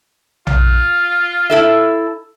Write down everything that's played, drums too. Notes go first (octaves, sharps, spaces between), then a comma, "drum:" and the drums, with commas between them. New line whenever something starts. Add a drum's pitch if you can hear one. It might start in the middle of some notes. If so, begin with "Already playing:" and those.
F4, drum: tom A#1
E4 A4 E5